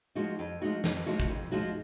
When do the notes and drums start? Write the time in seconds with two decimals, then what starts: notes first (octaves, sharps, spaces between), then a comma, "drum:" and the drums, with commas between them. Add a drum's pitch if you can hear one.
0.15 F3 G#3 D#4 F#4
0.39 F2
0.62 F3 G#3 D#4 F#4
0.84 F2, drum: snare
1.06 F3 G#3 D#4 F#4
1.20 drum: kick
1.29 F2
1.52 F3 G#3 D#4 F#4